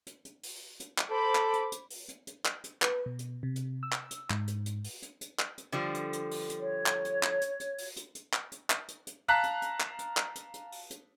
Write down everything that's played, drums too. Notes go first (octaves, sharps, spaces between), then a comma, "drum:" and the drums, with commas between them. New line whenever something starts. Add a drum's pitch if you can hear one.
drum: hi-hat
drum: hi-hat
drum: open hi-hat
drum: hi-hat
drum: clap
A4 C5 B5 D6
drum: clap
drum: hi-hat
drum: hi-hat
drum: open hi-hat
drum: hi-hat
drum: hi-hat
drum: clap
drum: hi-hat
B4, drum: clap
B2
drum: hi-hat
C3
drum: hi-hat
E6
drum: clap
drum: hi-hat
G#2, drum: clap
drum: hi-hat
drum: hi-hat
drum: open hi-hat
drum: hi-hat
drum: hi-hat
drum: clap
drum: hi-hat
D3 F3 G3
drum: hi-hat
drum: hi-hat
drum: open hi-hat
drum: hi-hat
C#5
drum: clap
drum: hi-hat
drum: clap
drum: hi-hat
drum: hi-hat
drum: open hi-hat
drum: hi-hat
drum: hi-hat
drum: clap
drum: hi-hat
drum: clap
drum: hi-hat
drum: hi-hat
F5 A5 A#5 F#6 B6
drum: hi-hat
drum: hi-hat
drum: clap
drum: hi-hat
drum: clap
drum: hi-hat
drum: hi-hat
drum: open hi-hat
drum: hi-hat